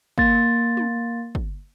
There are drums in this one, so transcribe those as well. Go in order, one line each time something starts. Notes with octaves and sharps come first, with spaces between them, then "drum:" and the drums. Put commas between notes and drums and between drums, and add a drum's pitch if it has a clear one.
A#3 C6 A6, drum: kick
drum: tom
drum: kick